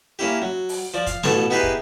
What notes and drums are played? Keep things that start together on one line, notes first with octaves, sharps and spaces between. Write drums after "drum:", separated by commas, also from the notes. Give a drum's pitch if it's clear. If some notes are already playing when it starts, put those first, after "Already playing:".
A#3 C#4 E4 G4
F#3
drum: open hi-hat
F3 D5
F5, drum: kick, hi-hat
A1 B2 A4 C#5 C#6, drum: snare
B3 D#4 E4 G4 G#4 B4
drum: kick